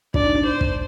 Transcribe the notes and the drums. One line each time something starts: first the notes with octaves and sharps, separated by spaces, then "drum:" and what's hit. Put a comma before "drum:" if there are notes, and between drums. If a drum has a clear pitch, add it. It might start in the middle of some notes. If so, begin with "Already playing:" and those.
D4 D5, drum: kick
D#4
D4
C5
drum: kick